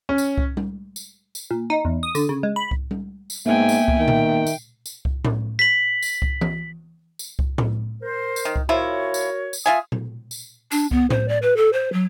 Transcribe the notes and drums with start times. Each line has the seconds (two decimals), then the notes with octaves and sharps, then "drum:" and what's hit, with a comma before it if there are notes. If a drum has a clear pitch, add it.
0.09 C#4
0.18 drum: tambourine
0.38 drum: kick C2
0.57 drum: tom G3
0.96 drum: tambourine
1.35 drum: tambourine
1.51 A#2
1.70 D#4
1.85 E2
2.03 D#6
2.15 D3, drum: tambourine
2.29 C#3
2.43 G#3
2.56 B5
2.71 drum: kick C2
2.91 drum: tom G3
3.30 drum: tambourine
3.46 G#2 A#3 B3 E5 G5 G#5
3.69 drum: tambourine
3.88 drum: kick C2
3.98 D#3 G5
4.08 drum: tom A#2
4.47 drum: tambourine
4.86 drum: tambourine
5.05 drum: kick C2
5.25 drum: tom A2
5.59 B6 F#7
6.02 drum: tambourine
6.22 drum: kick C2
6.41 drum: tom E3
7.19 drum: tambourine
7.39 drum: kick C2
7.58 drum: tom A2
8.02 A#4 C5
8.36 drum: tambourine
8.45 D#3
8.56 drum: kick C2
8.69 F3 E4 F#4 A#4 C#5
9.14 drum: tambourine
9.53 drum: tambourine
9.66 F4 E5 G#5 D#6
9.92 drum: tom A#2
10.31 drum: tambourine
10.71 D4, drum: tambourine
10.91 B3, drum: kick C2
11.10 C5, drum: tom A2
11.28 D5
11.42 B4
11.57 A4
11.73 C5
11.93 F#3